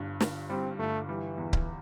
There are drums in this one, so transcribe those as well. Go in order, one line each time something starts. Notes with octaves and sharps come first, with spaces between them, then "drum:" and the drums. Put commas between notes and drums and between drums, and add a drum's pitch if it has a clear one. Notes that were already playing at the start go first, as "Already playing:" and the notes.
Already playing: G1 G2
G1, drum: snare
G3 C4
G1 A3
E3 G3
E2
drum: kick C#1